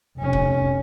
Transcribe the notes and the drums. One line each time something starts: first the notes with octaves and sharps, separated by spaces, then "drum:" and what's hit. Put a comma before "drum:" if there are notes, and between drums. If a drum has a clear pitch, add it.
F1 C#4
drum: kick C#1